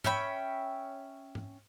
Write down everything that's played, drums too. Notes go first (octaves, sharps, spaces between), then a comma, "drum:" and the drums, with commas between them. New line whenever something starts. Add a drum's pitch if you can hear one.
C#4 E5 G5 B5, drum: tom G#2
drum: tom G#2